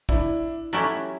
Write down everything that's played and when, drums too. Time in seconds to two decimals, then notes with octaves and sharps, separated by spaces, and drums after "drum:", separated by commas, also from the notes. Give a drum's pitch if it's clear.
0.09 D4 E4, drum: kick
0.73 F#3 A3 C#4 E4 G4